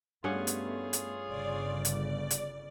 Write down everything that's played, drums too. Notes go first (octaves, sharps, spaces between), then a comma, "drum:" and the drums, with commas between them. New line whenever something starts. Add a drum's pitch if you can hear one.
G2 A3 B3 C#4 F4 G#4 C#5 F#5
drum: hi-hat
drum: hi-hat
G1 C#3 D5
drum: hi-hat
drum: hi-hat